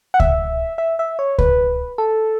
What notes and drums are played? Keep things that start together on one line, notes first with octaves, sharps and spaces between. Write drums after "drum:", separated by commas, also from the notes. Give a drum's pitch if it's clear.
F#5
E5, drum: kick C#2
E5
E5
C#5
B4, drum: kick C#2
A4